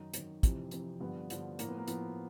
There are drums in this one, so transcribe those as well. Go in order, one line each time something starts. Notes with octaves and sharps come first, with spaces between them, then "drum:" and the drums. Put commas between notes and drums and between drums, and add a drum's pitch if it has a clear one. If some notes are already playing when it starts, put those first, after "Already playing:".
Already playing: F#2 D#3 D#4
F#2 D#3, drum: hi-hat
F2 C3 E3, drum: kick, hi-hat
F2 C3 E3, drum: hi-hat
G2 D3 F3 B3
G2 D3 F3, drum: hi-hat
A2 F3 A#3, drum: hi-hat
B3
A#3
A2 F3 B3, drum: hi-hat